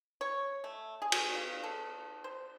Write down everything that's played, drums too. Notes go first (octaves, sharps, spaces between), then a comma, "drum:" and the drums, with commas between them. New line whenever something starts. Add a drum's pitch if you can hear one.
C#5
A3
G#4
drum: cymbal
F5
A4
C5